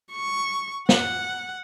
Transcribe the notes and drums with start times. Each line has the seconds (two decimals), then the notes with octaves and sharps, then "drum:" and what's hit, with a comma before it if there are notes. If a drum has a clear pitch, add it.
0.12 C#6
0.89 F#5, drum: snare